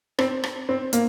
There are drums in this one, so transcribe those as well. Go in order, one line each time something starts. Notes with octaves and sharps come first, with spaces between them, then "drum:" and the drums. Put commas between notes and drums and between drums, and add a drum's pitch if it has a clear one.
C4, drum: rim click
drum: rim click
C4
A#3, drum: hi-hat